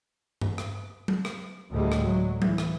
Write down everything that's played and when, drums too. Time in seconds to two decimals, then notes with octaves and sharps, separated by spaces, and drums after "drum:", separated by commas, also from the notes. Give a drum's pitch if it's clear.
0.41 drum: tom G2
0.58 drum: rim click
1.08 drum: tom F#3
1.25 drum: rim click
1.71 D2 A2 D3 G3 G#3
1.92 drum: rim click
2.04 F#3
2.42 E3, drum: tom F#3
2.58 drum: rim click